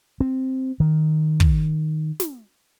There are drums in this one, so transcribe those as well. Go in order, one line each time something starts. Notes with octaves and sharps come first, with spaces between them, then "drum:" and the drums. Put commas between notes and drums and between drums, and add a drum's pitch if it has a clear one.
C4
D#3
drum: kick
drum: snare